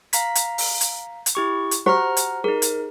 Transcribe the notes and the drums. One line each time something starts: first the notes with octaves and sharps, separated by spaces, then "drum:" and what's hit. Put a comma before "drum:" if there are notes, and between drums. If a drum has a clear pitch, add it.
F5 A#5 B6, drum: hi-hat
drum: hi-hat
drum: open hi-hat
drum: hi-hat
drum: hi-hat
E4 G4 C#6
drum: hi-hat
F#4 G4 C5 F#5 A#5 F6
drum: hi-hat
D#4 G#4 A#4
drum: hi-hat